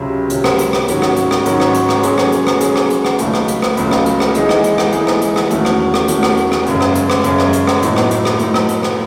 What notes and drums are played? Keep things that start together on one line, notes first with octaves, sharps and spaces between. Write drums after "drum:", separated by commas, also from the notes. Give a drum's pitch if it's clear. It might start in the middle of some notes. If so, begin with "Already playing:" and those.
Already playing: C#2 C3 F#3 C#4
C#2 C3 F#3 C#4, drum: hi-hat
drum: rim click
drum: hi-hat
drum: rim click
G#2 D#3 F#3 C#4 F#4, drum: hi-hat
drum: rim click
drum: hi-hat
drum: rim click
G#2 D#3 F#3 C#4 F#4, drum: hi-hat
drum: rim click
drum: hi-hat
drum: rim click
F#3 C#4 G#4, drum: hi-hat
drum: rim click
drum: hi-hat
drum: rim click
F#3 C#4 G#4, drum: hi-hat
drum: rim click
drum: hi-hat
drum: rim click
C#2 C#3 F#3 A3 D#4, drum: hi-hat
drum: rim click
drum: hi-hat
drum: rim click
C#2 C#3 F#3 A3 D#4, drum: hi-hat
drum: rim click
drum: hi-hat
drum: rim click
E3 G#3 D#4 G#4, drum: hi-hat
drum: rim click
drum: hi-hat
drum: rim click
E3 G#3 D#4 G#4, drum: hi-hat
drum: rim click
drum: hi-hat
drum: rim click
E2 D#3 A3 C#4 F#4, drum: hi-hat
drum: rim click
drum: rim click
E2 D#3 A3 C#4 F#4, drum: hi-hat
drum: rim click
drum: hi-hat
drum: rim click
F#2 C#3 G#3 C#4, drum: hi-hat
drum: rim click
drum: hi-hat
drum: rim click
F#2 C#3 G#3 C#4, drum: hi-hat
drum: rim click
drum: hi-hat
drum: rim click
A2 F#3 A3 D#4, drum: hi-hat
drum: rim click
drum: hi-hat
drum: rim click
A2 F#3 A3 D#4, drum: hi-hat
drum: rim click
drum: hi-hat
drum: rim click